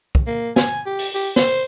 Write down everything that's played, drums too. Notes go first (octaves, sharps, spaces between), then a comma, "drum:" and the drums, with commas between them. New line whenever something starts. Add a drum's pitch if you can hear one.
drum: kick
A#3
G#5, drum: snare
G4
drum: open hi-hat
G4
C5, drum: snare